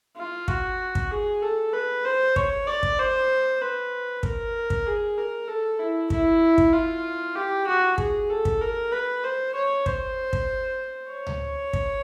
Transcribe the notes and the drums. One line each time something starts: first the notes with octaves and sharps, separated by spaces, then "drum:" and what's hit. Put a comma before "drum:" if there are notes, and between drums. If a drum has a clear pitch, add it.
F4
F#4, drum: kick
drum: kick
G#4
A4
B4
C5
C#5, drum: kick
D5
drum: kick
C5
B4
A#4, drum: kick
drum: kick
G#4
A#4
A4
E4
E4, drum: kick
drum: kick
F4
G4
F#4
G#4, drum: kick
A4
drum: kick
A#4
B4
C5
C#5
C5, drum: kick
drum: kick
C#5
drum: tom C#2
drum: kick